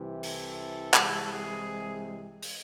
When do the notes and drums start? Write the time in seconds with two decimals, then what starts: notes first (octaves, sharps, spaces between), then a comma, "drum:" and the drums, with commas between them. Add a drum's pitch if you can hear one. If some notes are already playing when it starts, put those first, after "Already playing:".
Already playing: C2 C3 E3
0.23 A4, drum: open hi-hat
0.94 C2 C3 E3 G#3 A4, drum: clap
1.30 G#4
2.42 drum: open hi-hat